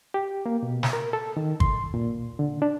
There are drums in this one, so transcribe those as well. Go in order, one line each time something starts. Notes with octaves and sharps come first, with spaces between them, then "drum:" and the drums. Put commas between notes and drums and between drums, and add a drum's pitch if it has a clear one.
G4
A#3
B2
drum: snare
A#4
A4
D#3
C6, drum: kick
A#2
D3
D4